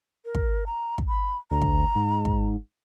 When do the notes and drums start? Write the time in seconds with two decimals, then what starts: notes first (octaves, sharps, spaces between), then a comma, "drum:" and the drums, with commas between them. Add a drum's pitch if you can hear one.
0.25 A#4
0.35 drum: kick
0.66 A#5
0.98 drum: kick
1.08 B5
1.51 D2 A#5
1.62 drum: kick
1.95 G#2
2.25 drum: kick